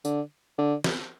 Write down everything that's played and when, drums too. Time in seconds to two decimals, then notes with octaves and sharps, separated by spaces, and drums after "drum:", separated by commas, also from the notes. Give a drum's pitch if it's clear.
0.05 D3, drum: tambourine
0.58 D3
0.84 drum: snare